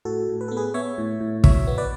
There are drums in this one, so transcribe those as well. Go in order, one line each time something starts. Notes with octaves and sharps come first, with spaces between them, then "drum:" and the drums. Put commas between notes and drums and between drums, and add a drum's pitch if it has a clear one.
A2 F#4 A4
A2
B4
B3 A4
G#4 B4
B3 C#5 E5
A2
A2
B2 C#5 E5, drum: kick
B3
B4 D5